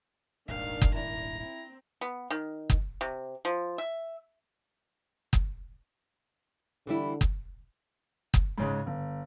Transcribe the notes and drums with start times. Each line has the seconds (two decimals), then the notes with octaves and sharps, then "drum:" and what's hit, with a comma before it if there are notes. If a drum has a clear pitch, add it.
0.48 D#1 G#1 D#3 D4 F5
0.82 drum: kick F#1
0.94 E4 A#5
1.39 C4 E4
2.01 B3
2.30 D#3
2.70 drum: kick F#1
3.01 C3
3.45 F3
3.78 E5
5.33 drum: kick F#1
6.87 D3 E3 G3 E4
7.21 drum: kick F#1
8.34 drum: kick F#1
8.58 G#2 C#3 G#3
8.86 G1